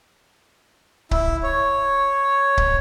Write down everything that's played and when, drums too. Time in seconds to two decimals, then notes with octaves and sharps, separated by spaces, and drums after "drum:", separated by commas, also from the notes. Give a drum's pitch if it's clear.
1.11 E4, drum: kick C#1
1.43 C#5
2.57 drum: kick C#1